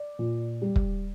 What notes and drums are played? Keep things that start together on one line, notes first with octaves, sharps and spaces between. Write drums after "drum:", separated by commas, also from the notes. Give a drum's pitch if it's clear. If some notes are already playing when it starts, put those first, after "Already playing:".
Already playing: D5
A#2
G3
drum: kick